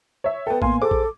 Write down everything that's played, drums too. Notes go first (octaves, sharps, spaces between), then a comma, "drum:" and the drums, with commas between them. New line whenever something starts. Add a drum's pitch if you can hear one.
C#5 E5
B3 A4 G5
A2 A#3 B3 F5 G#5 C6, drum: kick A1
G#4 A4 C5 D6
drum: kick A1